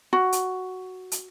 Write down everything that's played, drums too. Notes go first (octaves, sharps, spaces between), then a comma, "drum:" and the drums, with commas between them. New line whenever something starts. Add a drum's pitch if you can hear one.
F#4
drum: hi-hat
drum: hi-hat